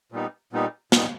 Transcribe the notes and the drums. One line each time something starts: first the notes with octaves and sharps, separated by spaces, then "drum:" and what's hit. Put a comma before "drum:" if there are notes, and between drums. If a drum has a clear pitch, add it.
A#2 G3 B3 D#4
A#2 G3 B3 D#4
A#2 G3 B3 D#4, drum: snare